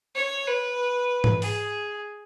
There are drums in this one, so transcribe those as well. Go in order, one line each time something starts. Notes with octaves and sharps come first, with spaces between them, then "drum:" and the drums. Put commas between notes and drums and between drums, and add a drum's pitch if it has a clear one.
C#5
B4
drum: tom G#2
G#4, drum: open hi-hat